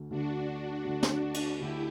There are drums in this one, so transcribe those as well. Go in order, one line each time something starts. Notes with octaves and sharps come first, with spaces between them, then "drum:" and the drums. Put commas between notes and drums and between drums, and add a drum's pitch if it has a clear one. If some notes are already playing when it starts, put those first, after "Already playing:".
Already playing: D2 D3 A3
D2 D3 A3 D4 F#4
D2 D3 A3
drum: snare
drum: cymbal
D2 D3 A3 E4 G4